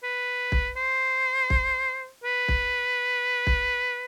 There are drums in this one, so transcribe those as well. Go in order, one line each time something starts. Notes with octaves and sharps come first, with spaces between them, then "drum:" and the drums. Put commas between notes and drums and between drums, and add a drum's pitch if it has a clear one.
B4
drum: kick
C5
drum: kick
B4
drum: kick
drum: kick